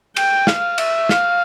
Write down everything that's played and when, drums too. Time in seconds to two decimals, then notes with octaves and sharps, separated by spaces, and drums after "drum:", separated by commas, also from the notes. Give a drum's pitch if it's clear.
0.16 G5, drum: cymbal
0.47 F5, drum: snare
0.78 E5, drum: cymbal
1.09 F5, drum: snare